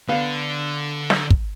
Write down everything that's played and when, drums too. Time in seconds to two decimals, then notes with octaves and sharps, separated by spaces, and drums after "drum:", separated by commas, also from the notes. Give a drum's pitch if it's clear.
0.09 D3 B3 F5
1.10 drum: snare
1.30 drum: kick